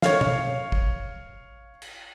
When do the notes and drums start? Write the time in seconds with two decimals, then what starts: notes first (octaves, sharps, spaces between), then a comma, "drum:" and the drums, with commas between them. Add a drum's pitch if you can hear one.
0.02 C#5 F5, drum: snare
0.21 drum: tom B2
0.72 drum: kick
1.82 drum: cymbal